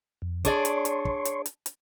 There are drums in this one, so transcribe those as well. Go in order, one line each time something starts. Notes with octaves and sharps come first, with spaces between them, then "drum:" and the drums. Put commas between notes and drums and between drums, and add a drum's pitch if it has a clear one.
F2
D4 G#4 C#5 D5 C6 C#6, drum: kick, hi-hat
drum: hi-hat
drum: hi-hat
drum: kick
drum: hi-hat
drum: hi-hat
drum: hi-hat